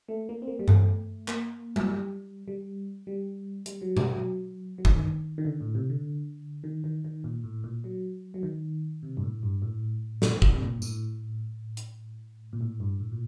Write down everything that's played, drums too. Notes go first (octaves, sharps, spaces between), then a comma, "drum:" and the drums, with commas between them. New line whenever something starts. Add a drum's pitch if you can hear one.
A3
A#3
C4
A#3
G3
A3, drum: tom G2
A#3, drum: clap
F#3, drum: tom G3
G3
G3
G3
G3, drum: hi-hat
F#3
G3, drum: tom B2
F#3
F#3
D#3, drum: kick
D#3
D3
A2
C3
D3
D#3
D#3
D#3
A#2
A2
A#2
F#3
F#3
D#3
C3
G2
A2
G2
A2
A#2, drum: snare
A#2
C3, drum: kick
C3
A#2
G2
A2, drum: tambourine
drum: hi-hat
A#2
A2
G2
A2
A#2